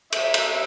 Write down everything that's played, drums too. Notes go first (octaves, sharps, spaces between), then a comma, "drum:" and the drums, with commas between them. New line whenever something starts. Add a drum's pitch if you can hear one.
E5, drum: cymbal
drum: cymbal